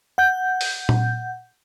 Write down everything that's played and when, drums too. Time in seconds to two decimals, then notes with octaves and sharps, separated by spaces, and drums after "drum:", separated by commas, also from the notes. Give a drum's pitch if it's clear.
0.18 F#5 G6
0.61 drum: open hi-hat
0.89 drum: tom A#2